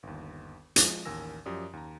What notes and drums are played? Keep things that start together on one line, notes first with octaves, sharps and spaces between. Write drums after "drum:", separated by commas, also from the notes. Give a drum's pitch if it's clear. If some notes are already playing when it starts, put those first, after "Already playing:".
G1 D#2
F3 G#3, drum: hi-hat
A1 D#2 A#4 G#5 E6 A#6
F#2 F3 G4 D5 D#6
D#2 A#5